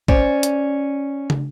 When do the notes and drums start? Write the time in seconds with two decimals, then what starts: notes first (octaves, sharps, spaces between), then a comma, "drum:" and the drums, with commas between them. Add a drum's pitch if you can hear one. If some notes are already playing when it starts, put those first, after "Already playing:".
0.08 C#4 C5 D5, drum: kick
0.43 drum: hi-hat
1.30 drum: tom